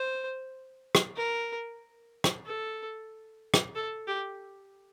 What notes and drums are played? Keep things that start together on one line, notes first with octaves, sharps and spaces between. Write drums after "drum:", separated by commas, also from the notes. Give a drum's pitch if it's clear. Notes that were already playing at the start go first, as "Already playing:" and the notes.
Already playing: C5
drum: rim click
A#4
drum: rim click
A4
drum: rim click
A4
G4